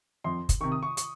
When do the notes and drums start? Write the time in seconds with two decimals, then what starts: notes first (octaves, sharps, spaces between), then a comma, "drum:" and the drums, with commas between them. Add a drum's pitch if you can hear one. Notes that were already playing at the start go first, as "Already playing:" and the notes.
0.24 F2 C6
0.49 drum: kick, hi-hat
0.61 C3 D#3 C#6
0.72 D#6
0.83 C#6
0.97 C#6, drum: hi-hat